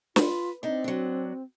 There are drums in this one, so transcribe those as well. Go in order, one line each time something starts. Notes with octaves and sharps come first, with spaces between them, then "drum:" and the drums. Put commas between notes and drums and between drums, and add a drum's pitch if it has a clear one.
F4 B4, drum: snare
C4 D4 D#4
F#3 D4